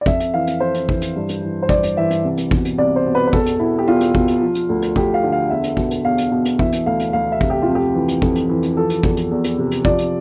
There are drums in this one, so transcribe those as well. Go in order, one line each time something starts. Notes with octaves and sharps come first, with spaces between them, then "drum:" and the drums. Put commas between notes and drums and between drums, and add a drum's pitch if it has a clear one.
D5
F2 E5, drum: kick
drum: hi-hat
E3 F5
drum: hi-hat
F2 C5
drum: hi-hat
E3, drum: kick
drum: hi-hat
G2
drum: hi-hat
E3
C5
G2 D5, drum: kick
drum: hi-hat
E3 E5
drum: hi-hat
C2
drum: hi-hat
B2, drum: kick
drum: hi-hat
C2 D5
C5
B2
B4
B4
E2 A4, drum: kick
drum: hi-hat
B2 E4
G4
E2 F4
drum: hi-hat
B2, drum: kick
drum: hi-hat
F3
drum: hi-hat
D2
drum: hi-hat
D2 G4, drum: kick
F5
D3
F5
E2 E5
drum: hi-hat
B2, drum: kick
drum: hi-hat
E2 F5
drum: hi-hat
B2
drum: hi-hat
E3 E5, drum: kick
drum: hi-hat
D2 F5
drum: hi-hat
D2 F5
E5
C3, drum: kick
G4
F4
F2
G4
E3
drum: hi-hat
F2, drum: kick
drum: hi-hat
E3
drum: hi-hat
F3 A4
drum: hi-hat
E2, drum: kick
drum: hi-hat
E2
drum: hi-hat
C3
drum: hi-hat
F3 D5, drum: kick
drum: hi-hat